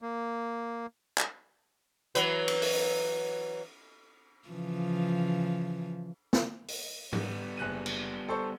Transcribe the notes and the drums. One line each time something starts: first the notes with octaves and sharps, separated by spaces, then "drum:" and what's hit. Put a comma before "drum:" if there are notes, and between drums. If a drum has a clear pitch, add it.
A#3
drum: clap
E3 F#3 B4, drum: hi-hat
drum: cymbal
drum: open hi-hat
C#3 E3 F3
drum: snare
drum: open hi-hat
G3 B3, drum: tom
F#1 F#6 D#7
drum: cymbal
A4 C5 C#6